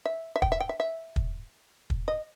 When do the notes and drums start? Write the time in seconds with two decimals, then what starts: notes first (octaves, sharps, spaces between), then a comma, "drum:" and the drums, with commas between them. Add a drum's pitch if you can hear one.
0.05 E5
0.36 E5
0.42 G5, drum: kick
0.52 E5
0.60 G5
0.69 E5
0.80 E5
1.16 drum: kick
1.90 drum: kick
2.08 D#5